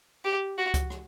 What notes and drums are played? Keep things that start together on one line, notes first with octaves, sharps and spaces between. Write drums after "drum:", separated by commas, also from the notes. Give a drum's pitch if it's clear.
G4
F#4
drum: kick C#2, hi-hat
drum: rim click